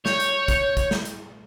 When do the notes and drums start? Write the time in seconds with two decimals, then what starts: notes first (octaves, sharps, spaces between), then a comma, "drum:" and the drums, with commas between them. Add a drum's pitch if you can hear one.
0.06 C#5 G6, drum: snare
0.20 drum: hi-hat
0.48 drum: kick, hi-hat
0.77 drum: kick, hi-hat
0.91 drum: snare
1.05 drum: hi-hat